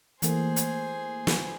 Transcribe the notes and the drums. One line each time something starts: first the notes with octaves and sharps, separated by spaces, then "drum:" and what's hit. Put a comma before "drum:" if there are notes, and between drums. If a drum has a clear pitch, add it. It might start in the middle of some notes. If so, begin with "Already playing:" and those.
E3 A3 A#3 G#4 C5, drum: hi-hat
drum: hi-hat
drum: snare